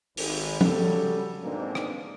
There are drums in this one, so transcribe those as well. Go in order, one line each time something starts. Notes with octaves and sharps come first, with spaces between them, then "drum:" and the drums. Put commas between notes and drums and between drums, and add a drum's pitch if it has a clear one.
G#1, drum: open hi-hat
C#3 F#3 G3 A4, drum: tom
G#2 B2 A#3 C4 D4
drum: rim click